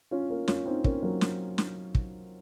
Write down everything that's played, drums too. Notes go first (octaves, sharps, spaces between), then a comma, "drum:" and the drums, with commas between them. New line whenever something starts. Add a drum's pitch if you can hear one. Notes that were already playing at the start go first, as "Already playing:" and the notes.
C#4 F4
A#3 C#4
C#4 F4, drum: snare
C4 D#4
A#3 C#4, drum: kick
F#3 A#3
drum: snare
drum: snare
drum: kick